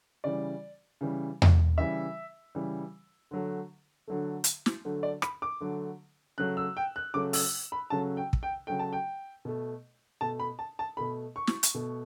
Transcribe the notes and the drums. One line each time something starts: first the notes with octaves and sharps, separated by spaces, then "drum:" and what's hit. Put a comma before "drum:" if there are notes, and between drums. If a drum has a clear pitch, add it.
C#3 E3 G3 D5
C#3 E3 G3
drum: tom E2
C#3 E3 G3 E5
C#3 E3 G3
D3 F#3 A3
D3 F#3 A3
drum: hi-hat
drum: snare
D3 F#3 A3
D5
B5, drum: rim click
D6
D3 F#3 A3
C#3 F#3 A3 F#6
E6
G5
F#6
C#3 F#3 A3 D6
E6, drum: open hi-hat
B5
C#3 F#3 A3 A5
G5
drum: kick
G5
C#3 F#3 A3 G5
A5
G5
B2 A3
B2 A3 A5
B5
A5
A5
B2 A3 B5
C#6
drum: snare
drum: hi-hat
B2 A3